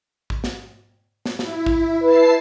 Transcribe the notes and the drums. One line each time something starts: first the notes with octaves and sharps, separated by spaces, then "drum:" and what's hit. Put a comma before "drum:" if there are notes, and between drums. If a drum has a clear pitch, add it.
drum: kick
drum: snare
drum: snare
E4, drum: snare
drum: kick
E4 B4 A5 C7